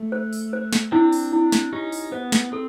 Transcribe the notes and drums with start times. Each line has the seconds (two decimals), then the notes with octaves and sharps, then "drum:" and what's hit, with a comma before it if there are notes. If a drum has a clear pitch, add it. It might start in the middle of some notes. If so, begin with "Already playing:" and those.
Already playing: A3
0.12 C5
0.33 drum: open hi-hat
0.53 C5
0.73 drum: snare
0.92 C4 D4 E4
1.13 drum: open hi-hat
1.33 E4
1.52 drum: snare
1.73 C#4 D#4 G4
1.92 drum: open hi-hat
2.12 B3 C5
2.32 drum: snare
2.52 C4 A4